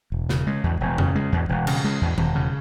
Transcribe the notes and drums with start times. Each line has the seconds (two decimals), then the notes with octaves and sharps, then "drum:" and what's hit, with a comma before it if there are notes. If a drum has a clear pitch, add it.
0.12 E1
0.29 C#3, drum: snare
0.47 G#3
0.64 E2
0.81 E1
0.98 C#3, drum: tom F2
1.15 G#3
1.32 E2
1.49 E1
1.67 C#3, drum: cymbal
1.84 G#3
2.02 E2
2.18 E1, drum: tom D#3
2.35 C#3